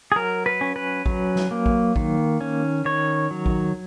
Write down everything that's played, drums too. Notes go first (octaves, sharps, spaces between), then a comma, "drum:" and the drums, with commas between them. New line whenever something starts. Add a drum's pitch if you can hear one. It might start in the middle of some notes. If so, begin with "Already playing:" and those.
G#4
F#3 A#4
B4
C#4
B4
F#3, drum: kick A1
drum: snare
A#3
drum: kick A1
D#3, drum: kick A1
C#4
D#3 C#5
F#3
drum: kick A1